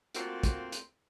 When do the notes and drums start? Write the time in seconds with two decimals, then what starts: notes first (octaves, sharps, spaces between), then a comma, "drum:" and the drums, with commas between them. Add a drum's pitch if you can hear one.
0.15 A3 A#3 C4 F4 F#4, drum: hi-hat
0.43 drum: kick, hi-hat
0.72 drum: hi-hat